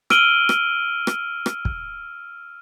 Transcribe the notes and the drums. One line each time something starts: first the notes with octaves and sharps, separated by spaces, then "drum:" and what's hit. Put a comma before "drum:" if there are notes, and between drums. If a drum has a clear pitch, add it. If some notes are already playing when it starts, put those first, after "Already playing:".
E6 F6 D7 D#7 F#7 G7, drum: rim click
drum: rim click
drum: rim click
drum: rim click
drum: kick